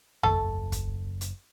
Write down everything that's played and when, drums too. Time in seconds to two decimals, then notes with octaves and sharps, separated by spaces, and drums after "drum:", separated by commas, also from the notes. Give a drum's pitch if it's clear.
0.23 F#1 A3 A4, drum: tom
0.72 drum: kick, hi-hat
1.21 drum: hi-hat